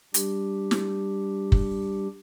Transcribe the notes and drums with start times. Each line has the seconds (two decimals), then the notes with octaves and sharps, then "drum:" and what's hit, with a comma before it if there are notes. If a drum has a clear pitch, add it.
0.14 G3 D4 G4, drum: hi-hat
0.71 drum: snare
1.52 drum: kick